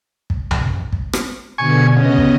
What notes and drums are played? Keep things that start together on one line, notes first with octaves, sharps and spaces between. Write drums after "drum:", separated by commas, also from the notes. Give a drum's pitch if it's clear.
drum: kick
drum: tom B1
drum: kick
drum: rim click
B2 D3 G#5 C#6
C#3 B3 D#5
drum: kick